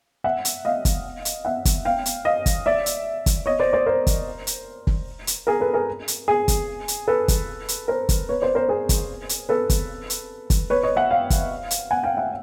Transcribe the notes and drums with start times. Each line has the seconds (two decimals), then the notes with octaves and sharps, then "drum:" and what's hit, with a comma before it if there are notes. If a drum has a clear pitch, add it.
0.24 E5 F#5
0.45 drum: hi-hat
0.65 D#5 F5
0.85 drum: kick, hi-hat
1.25 drum: hi-hat
1.45 E5 F#5
1.65 drum: kick, hi-hat
1.85 F5 G5
2.06 drum: hi-hat
2.25 D#5 F5
2.46 drum: kick, hi-hat
2.66 D5 E5
2.86 drum: hi-hat
3.26 drum: kick, hi-hat
3.46 C#5 D#5
3.60 C5 D5
3.73 C5 D5
3.86 A#4 C5
4.07 drum: kick, hi-hat
4.47 drum: hi-hat
4.87 drum: kick
5.27 drum: hi-hat
5.47 G#4 A#4
5.60 A4 B4
5.74 G#4 A#4
6.08 drum: hi-hat
6.28 G#4
6.48 drum: kick, hi-hat
6.88 drum: hi-hat
7.08 A4 B4
7.28 drum: kick, hi-hat
7.68 drum: hi-hat
7.88 A#4 C5
8.09 drum: kick, hi-hat
8.29 B4 C#5
8.42 C5 D5
8.55 A#4 C5
8.69 G#4 A#4
8.89 drum: kick, hi-hat
9.29 drum: hi-hat
9.49 A4 B4
9.70 drum: kick, hi-hat
10.10 drum: hi-hat
10.50 drum: kick, hi-hat
10.70 B4 C#5
10.83 C#5 D#5
10.96 E5 F#5
11.11 F5 G5
11.30 drum: kick, hi-hat
11.71 drum: hi-hat
11.91 F#5 G#5
12.03 F5 G5
12.17 E5 F#5